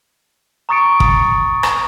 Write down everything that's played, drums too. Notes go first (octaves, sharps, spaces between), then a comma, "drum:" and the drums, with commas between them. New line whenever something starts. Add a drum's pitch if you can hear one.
A#5 C#6 D#6 A6 C#7 D7
drum: kick
drum: rim click